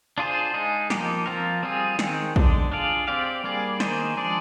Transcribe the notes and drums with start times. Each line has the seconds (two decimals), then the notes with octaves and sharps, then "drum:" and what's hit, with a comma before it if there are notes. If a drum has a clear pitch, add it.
0.18 D4 F4 G#4 C5
0.54 G#3 D#4 G#4
0.90 F3 A#3 D#4 G4, drum: snare
1.26 F3 C4 F4 A#4
1.63 G3 C4 F4 G#4
1.99 D#3 G#3 C4 D#4, drum: snare
2.36 D3 G#3 D4, drum: kick
2.72 D4 F4 G#4 D5 F5
3.08 C4 G4 D5 F5
3.44 G3 A#3 D4 G#4 D5
3.80 D#3 A#3 D#4 G#4 C5, drum: snare
4.17 F3 G#3 D4 G#4 D5